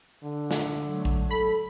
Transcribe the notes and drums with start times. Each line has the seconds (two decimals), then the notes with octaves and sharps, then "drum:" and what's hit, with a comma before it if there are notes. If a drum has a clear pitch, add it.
0.23 D3
0.51 drum: snare
0.86 F#3 A3
1.05 drum: kick A#1
1.31 A4 B5